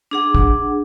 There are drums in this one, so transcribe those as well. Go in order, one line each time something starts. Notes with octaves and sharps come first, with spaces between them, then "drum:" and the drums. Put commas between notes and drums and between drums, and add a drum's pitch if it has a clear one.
D4 G#4 F#5
drum: kick